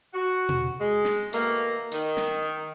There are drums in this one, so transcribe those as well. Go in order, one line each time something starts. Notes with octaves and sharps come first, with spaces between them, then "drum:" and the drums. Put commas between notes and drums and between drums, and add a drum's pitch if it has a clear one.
F#4
drum: tom B2
G#3
drum: snare
B2 D#3 A3 A#3, drum: hi-hat
D#3, drum: hi-hat
drum: snare